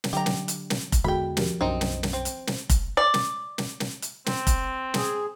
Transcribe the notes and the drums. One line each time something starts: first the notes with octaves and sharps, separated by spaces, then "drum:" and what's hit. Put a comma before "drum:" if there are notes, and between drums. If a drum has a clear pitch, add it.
drum: snare
D3 F#3 G4 A#5
drum: snare
drum: hi-hat
drum: snare
drum: kick F1, hi-hat
E2 D3 G#3 F#4 G#4 G5 B5
F3 G4 A#4, drum: snare
B1 F#2 C4 D4 D#4
drum: snare
drum: snare
C4
drum: hi-hat
drum: snare
drum: kick F1, hi-hat
D5
drum: snare
drum: snare
drum: snare
drum: hi-hat
C4, drum: snare
drum: kick F1, hi-hat
G#4, drum: snare